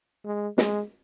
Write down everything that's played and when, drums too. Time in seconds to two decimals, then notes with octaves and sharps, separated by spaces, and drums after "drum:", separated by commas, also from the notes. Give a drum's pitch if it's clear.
0.25 G#3
0.58 G#3, drum: snare